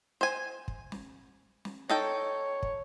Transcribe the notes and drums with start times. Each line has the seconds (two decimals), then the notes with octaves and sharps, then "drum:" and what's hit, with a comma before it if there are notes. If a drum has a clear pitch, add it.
0.21 C5 G#5
0.68 drum: kick
0.92 drum: snare
1.65 drum: snare
1.89 D#4 A4 C#5 G5
2.63 drum: kick